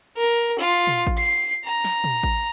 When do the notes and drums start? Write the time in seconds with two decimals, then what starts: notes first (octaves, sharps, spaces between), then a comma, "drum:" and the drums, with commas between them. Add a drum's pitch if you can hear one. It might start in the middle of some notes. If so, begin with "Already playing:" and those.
0.17 A#4
0.59 F4
0.87 drum: tom A#2
1.07 drum: kick A1
1.18 C7
1.65 A#5
1.85 drum: snare
2.04 drum: tom A#2
2.23 drum: kick A1